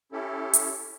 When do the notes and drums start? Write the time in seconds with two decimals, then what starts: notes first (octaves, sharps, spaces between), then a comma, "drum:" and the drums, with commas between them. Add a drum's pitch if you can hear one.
0.12 C#4 E4 G4 A4
0.53 drum: hi-hat